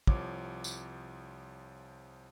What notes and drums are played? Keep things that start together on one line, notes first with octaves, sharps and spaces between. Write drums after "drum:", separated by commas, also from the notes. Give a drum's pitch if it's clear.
C2 F3 C#5 D6, drum: kick
drum: tambourine